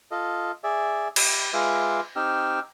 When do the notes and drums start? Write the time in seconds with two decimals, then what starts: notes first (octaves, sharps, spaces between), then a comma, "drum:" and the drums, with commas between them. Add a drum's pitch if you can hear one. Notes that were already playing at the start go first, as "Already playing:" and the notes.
0.11 F4 A4 D#5
0.64 G#4 D5 E5
1.16 G4 B5, drum: cymbal
1.53 G#3 F4 B4 E5 C6 D6
2.16 C4 D#4 G4 G5 E6 F6